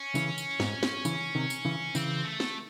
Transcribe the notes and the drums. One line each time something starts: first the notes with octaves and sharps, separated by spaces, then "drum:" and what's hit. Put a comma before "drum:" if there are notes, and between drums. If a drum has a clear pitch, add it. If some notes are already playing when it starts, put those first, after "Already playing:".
Already playing: C#4
C#3 E3, drum: tambourine
drum: tambourine
G#2, drum: snare
drum: snare
C#3 E3, drum: tambourine
C3 D#3
drum: tambourine
C#3 E3
C#3 E3 C4, drum: tambourine
A3
drum: snare